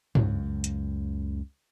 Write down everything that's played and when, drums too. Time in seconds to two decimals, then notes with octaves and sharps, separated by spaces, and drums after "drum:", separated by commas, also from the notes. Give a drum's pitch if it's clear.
0.15 C#2 F#2, drum: tom
0.64 drum: hi-hat